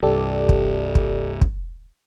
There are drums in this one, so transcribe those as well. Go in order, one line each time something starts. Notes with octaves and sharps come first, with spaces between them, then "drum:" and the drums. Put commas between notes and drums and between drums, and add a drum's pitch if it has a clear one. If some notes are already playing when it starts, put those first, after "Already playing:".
C2 G2 G4 A4 D5
drum: kick
drum: kick
drum: kick